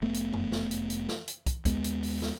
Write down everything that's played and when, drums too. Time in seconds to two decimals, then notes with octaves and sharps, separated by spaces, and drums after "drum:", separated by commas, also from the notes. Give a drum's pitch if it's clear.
0.02 F1 A3 B3
0.14 drum: hi-hat
0.33 drum: tom F#2
0.52 drum: snare
0.71 drum: hi-hat
0.90 drum: hi-hat
1.09 drum: snare
1.28 drum: hi-hat
1.46 drum: kick, hi-hat
1.65 D#2 G#3 B3, drum: kick, hi-hat
1.84 drum: hi-hat
2.03 drum: open hi-hat
2.22 drum: snare